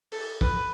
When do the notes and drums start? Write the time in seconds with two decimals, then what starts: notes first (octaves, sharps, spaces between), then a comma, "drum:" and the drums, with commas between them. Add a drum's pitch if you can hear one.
0.12 A4, drum: open hi-hat
0.41 B4, drum: kick